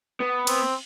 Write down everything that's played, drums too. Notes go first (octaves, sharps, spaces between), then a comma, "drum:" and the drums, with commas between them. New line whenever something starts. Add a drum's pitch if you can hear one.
B3
C4, drum: cymbal